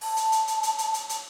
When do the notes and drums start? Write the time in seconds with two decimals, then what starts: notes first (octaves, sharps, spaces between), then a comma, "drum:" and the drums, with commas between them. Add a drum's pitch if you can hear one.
0.01 A5, drum: open hi-hat
0.17 drum: hi-hat
0.32 drum: hi-hat
0.48 drum: hi-hat
0.63 drum: hi-hat
0.78 drum: hi-hat
0.94 drum: hi-hat
1.09 drum: hi-hat